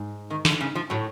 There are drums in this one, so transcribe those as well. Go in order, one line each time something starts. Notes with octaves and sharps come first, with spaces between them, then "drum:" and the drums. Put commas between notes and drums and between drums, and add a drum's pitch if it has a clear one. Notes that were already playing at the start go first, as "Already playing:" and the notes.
Already playing: G#2
D#3
D3, drum: snare
C#3
F3
A2 F#3